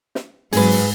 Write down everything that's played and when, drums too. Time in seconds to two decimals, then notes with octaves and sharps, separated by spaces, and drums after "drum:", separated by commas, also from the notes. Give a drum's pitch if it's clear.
0.15 drum: snare
0.53 G#2 F#3 C4 G#4 B4, drum: open hi-hat
0.71 drum: open hi-hat